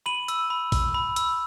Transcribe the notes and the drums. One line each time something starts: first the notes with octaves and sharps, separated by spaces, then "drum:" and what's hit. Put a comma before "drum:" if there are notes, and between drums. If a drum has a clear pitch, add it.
B5 D#7 F#7
E6, drum: hi-hat
B5
E6, drum: kick, open hi-hat
B5
E6, drum: hi-hat